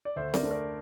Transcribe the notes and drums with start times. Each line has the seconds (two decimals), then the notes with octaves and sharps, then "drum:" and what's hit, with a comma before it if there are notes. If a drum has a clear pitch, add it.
0.05 D5
0.16 D2 C5 E5
0.34 A#4 D5, drum: snare C4
0.43 D3 A3
0.51 A#4 D5